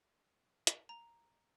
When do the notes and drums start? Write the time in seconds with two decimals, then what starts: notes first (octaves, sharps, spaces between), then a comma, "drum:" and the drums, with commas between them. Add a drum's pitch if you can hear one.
0.67 drum: hi-hat
0.89 A#5